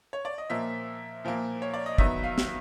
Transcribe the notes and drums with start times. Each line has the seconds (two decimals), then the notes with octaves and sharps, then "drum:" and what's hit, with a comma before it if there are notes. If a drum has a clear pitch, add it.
0.13 C#5
0.25 D5
0.38 D#5
0.50 A#2 F3 A#3 E5
1.25 A#2 F3 A#3
1.62 C#5
1.74 D5
1.86 D#5
1.98 D#3 F#3 B3 D#4 E5, drum: kick
2.23 F5
2.38 drum: snare